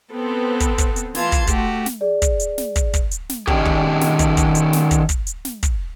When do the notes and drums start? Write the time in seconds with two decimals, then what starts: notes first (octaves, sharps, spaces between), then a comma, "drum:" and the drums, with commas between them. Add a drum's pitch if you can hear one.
0.13 B3 C4 A4
0.60 drum: kick, hi-hat
0.78 drum: kick, hi-hat
0.96 drum: hi-hat
1.15 E3 F4 A5 C6 G#6, drum: snare
1.32 drum: kick, hi-hat
1.47 A3 F#4 G4, drum: kick, hi-hat
1.86 drum: snare
2.01 G#4 D5
2.22 drum: kick, hi-hat
2.40 drum: hi-hat
2.58 drum: snare
2.76 drum: kick, hi-hat
2.94 drum: kick, hi-hat
3.12 drum: hi-hat
3.29 drum: snare
3.47 D#3 G3 C#4 D4 G4 G#4, drum: kick
3.65 drum: kick
4.01 drum: snare
4.19 drum: kick, hi-hat
4.37 drum: kick, hi-hat
4.55 drum: hi-hat
4.73 drum: snare
4.91 drum: kick, hi-hat
5.09 drum: kick, hi-hat
5.27 drum: hi-hat
5.45 drum: snare
5.63 drum: kick, hi-hat